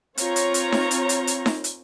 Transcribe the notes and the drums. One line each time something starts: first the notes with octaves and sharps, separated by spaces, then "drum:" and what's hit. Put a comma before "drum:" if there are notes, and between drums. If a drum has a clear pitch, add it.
C4 F4 C#5 A#5, drum: hi-hat
drum: hi-hat
drum: hi-hat
drum: snare D#4
drum: hi-hat
drum: hi-hat
drum: hi-hat
drum: snare D#4
drum: hi-hat